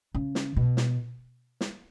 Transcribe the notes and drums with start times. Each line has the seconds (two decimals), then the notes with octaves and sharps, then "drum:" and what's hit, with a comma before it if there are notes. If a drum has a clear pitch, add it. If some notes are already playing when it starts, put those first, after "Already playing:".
0.15 C#3
0.35 drum: snare
0.57 B2
0.77 drum: snare
1.61 drum: snare